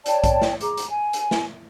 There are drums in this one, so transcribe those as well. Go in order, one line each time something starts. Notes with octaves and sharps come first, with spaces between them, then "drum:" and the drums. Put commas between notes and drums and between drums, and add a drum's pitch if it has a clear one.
C#5 D5 G5 A5, drum: hi-hat
drum: kick A#1, hi-hat
drum: snare
G#4 A#5 D6, drum: hi-hat
drum: hi-hat
G#5
drum: hi-hat
drum: snare